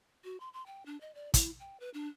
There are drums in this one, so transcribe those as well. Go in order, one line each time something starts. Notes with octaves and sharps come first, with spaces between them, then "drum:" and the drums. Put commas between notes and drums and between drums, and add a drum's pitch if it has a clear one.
F#4
C6
C6
G5
D4
D#5
D5
E4, drum: kick, hi-hat
G5
B4
D4